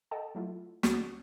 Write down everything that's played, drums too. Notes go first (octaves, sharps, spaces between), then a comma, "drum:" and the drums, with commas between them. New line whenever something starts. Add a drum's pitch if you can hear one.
A4 D#5 F#5 G5 A5
F#3 A3 E4 F4
D2 G3 C#4 F#4 D#6, drum: snare